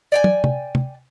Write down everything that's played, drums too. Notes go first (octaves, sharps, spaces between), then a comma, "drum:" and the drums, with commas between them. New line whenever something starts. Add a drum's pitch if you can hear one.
D5 G5 G#5
drum: tom
drum: tom
drum: tom